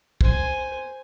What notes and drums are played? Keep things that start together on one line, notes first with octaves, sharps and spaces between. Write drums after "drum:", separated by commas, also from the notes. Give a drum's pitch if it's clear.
C5 G#5, drum: kick